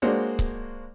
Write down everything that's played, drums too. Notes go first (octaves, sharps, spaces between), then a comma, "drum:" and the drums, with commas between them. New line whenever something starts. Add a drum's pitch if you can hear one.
G#3 A#3 D4 F#4 C5 C#5
drum: kick C#1